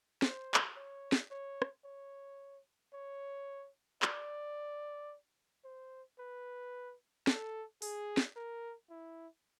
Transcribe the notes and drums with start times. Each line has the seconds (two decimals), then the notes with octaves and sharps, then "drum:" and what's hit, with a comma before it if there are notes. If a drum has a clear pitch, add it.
0.22 C5, drum: snare
0.54 drum: clap
0.76 C#5
1.12 drum: snare
1.31 C#5
1.62 drum: rim click
1.84 C#5
2.94 C#5
4.02 D5, drum: clap
5.65 C5
6.19 B4
7.27 A4, drum: snare
7.82 G#4, drum: open hi-hat
8.17 drum: snare
8.36 A#4
8.90 E4